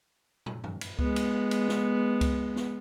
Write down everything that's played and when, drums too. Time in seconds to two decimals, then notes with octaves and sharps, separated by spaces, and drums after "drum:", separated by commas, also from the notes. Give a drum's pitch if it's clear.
0.46 drum: tom
0.64 drum: tom
0.81 drum: cymbal
0.99 G#3 B3, drum: kick C#2
1.16 drum: cymbal
1.51 drum: cymbal
1.69 drum: snare
2.21 drum: kick C#2, cymbal
2.56 drum: snare